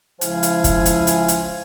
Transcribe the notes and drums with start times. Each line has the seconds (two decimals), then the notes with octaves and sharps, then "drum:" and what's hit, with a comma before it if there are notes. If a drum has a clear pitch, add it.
0.21 C#2 F3 E4 C5 F5 G#5, drum: hi-hat
0.43 drum: hi-hat
0.64 drum: kick, hi-hat
0.86 drum: hi-hat
1.07 drum: hi-hat
1.28 drum: hi-hat